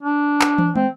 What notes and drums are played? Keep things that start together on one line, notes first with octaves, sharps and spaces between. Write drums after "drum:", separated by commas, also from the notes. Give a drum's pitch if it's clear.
D4
drum: clap
drum: tom
C4, drum: tom